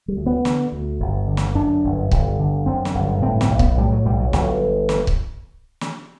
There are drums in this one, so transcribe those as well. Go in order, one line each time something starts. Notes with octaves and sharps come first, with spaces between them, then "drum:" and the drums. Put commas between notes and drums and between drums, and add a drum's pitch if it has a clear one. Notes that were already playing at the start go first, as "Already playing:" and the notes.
G3
D2
B3
D3, drum: snare
D2
G1
D3
drum: snare
F#2 D4
G1
G1, drum: kick C#1
D3
F#2 C4
drum: snare
G1
A2 C4
C4, drum: snare
B1
B3, drum: kick C#1
A2 G3
F#3
B1 G3
F#3
G1 F#3, drum: snare
drum: snare
drum: kick C#1
drum: snare